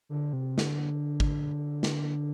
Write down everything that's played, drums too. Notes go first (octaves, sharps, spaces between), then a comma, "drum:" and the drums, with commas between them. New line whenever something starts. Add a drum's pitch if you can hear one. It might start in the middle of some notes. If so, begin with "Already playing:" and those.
D3
C3
D3, drum: snare
drum: kick
drum: snare